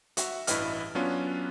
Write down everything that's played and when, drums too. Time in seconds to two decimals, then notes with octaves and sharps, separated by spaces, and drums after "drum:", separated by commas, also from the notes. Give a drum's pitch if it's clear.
0.17 F#4 E5, drum: hi-hat
0.47 A1 G2 E4 B4 D#5 F6, drum: hi-hat
0.95 F#3 B3 C#4 D4 F4 B4